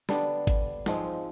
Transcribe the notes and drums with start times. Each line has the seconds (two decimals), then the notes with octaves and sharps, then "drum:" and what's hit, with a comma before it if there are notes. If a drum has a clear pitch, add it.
0.09 D3 G3 B3 D4, drum: snare
0.47 drum: kick G#1, hi-hat
0.86 G#2 F3 G#3 C4, drum: snare